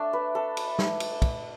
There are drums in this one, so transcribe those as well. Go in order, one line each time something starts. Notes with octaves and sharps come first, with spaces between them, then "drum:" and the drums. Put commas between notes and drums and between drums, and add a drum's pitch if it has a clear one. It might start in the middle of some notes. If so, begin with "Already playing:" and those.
Already playing: A3 D4 E5
B4
A4
drum: cymbal
drum: snare
drum: cymbal
drum: kick, cymbal